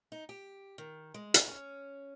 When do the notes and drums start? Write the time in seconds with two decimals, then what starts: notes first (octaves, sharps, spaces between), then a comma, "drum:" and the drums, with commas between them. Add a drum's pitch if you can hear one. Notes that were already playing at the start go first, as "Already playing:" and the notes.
0.12 D#4
0.29 G4
0.78 D#3
1.14 G#3
1.34 drum: hi-hat
1.48 C#4